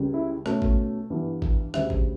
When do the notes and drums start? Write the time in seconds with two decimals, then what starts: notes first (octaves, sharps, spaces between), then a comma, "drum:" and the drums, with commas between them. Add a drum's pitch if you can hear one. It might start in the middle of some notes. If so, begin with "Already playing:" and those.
Already playing: C#2 C#3 G3
0.14 E4
0.46 B2 A3 C#4, drum: rim click
0.62 drum: kick
1.10 G2 E3 B3
1.42 drum: kick
1.74 D2 C#3 G3 E5, drum: rim click
1.90 drum: kick